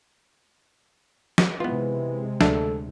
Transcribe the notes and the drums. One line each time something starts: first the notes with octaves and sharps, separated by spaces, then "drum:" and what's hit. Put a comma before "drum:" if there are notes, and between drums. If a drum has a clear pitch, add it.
drum: snare
C3 E3 G#3 B3 F4
D2 D4 A4 E5, drum: snare